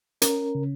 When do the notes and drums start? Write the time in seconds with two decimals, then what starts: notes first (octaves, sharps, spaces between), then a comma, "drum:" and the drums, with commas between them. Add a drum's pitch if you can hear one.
0.22 C#4 A#4, drum: hi-hat
0.55 C#3